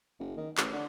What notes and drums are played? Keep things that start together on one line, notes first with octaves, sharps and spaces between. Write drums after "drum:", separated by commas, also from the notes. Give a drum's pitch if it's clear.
F#1
D#3
A1, drum: clap
D3